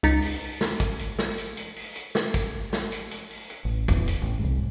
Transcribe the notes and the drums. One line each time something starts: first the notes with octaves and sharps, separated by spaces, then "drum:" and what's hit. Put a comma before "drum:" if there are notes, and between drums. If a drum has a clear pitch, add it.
C#2 D#4 A6 B6 C#7, drum: hi-hat
drum: open hi-hat
drum: snare
drum: kick, hi-hat
drum: hi-hat
drum: snare
drum: hi-hat
drum: hi-hat
drum: open hi-hat
drum: hi-hat
drum: snare
drum: kick, hi-hat
drum: snare
drum: hi-hat
drum: hi-hat
drum: open hi-hat
drum: hi-hat
A1
D1 E2, drum: kick, hi-hat
drum: hi-hat
A1
C2 G#2